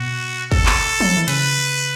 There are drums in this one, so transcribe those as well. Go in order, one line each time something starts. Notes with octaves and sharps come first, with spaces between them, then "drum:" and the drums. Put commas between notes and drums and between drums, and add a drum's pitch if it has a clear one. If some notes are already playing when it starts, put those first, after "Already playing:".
Already playing: B2 F#4
A4, drum: kick
drum: clap
drum: tom F3
E3
C#3 B4, drum: cymbal